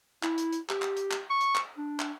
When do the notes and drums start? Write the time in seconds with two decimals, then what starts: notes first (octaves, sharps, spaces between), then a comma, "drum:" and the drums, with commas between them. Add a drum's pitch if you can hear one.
0.23 E4, drum: clap
0.38 drum: hi-hat
0.53 drum: hi-hat
0.69 G4, drum: clap
0.82 drum: clap
0.97 drum: hi-hat
1.11 drum: clap
1.30 C#6
1.41 drum: hi-hat
1.55 drum: clap
1.78 D4
2.00 drum: clap